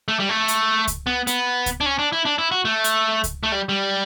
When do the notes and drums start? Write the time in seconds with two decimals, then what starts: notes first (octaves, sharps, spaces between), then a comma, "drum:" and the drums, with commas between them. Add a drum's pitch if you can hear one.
0.08 A3
0.19 G3
0.29 A3
0.48 drum: hi-hat
0.87 drum: kick C#2, hi-hat
1.07 B3
1.27 B3, drum: hi-hat
1.66 drum: kick C#2, hi-hat
1.81 D4
1.86 C#4
1.99 D4
2.13 E4
2.25 D4
2.38 E4
2.52 F#4
2.65 A3
2.84 drum: hi-hat
3.24 drum: kick C#2, hi-hat
3.43 A3
3.52 G3
3.69 G3